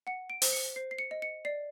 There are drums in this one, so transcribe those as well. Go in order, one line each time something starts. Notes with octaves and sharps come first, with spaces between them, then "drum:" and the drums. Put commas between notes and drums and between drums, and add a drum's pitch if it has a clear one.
F#5 C#7
D7
C5, drum: open hi-hat
C#7
C5 C7
C7
C#7
D#5
C#7
D5 C7